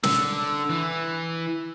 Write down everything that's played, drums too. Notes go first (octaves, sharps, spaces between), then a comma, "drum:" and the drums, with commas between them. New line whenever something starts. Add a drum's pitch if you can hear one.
D3 E6, drum: snare
E3